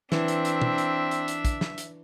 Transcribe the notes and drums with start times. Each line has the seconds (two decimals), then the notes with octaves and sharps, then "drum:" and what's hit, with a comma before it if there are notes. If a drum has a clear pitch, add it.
0.12 E3 C4 D4 E5 C#6, drum: snare
0.28 drum: hi-hat
0.45 drum: hi-hat
0.62 drum: tom
0.78 drum: hi-hat
1.11 drum: hi-hat
1.28 drum: hi-hat
1.45 drum: kick, hi-hat
1.61 drum: snare
1.78 drum: hi-hat